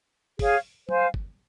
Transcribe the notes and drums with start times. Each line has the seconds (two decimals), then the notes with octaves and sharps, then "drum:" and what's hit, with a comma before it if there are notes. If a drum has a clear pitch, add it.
0.39 G#4 C#5 F5, drum: kick, open hi-hat
0.89 C5 F5 G#5, drum: tom
1.14 drum: kick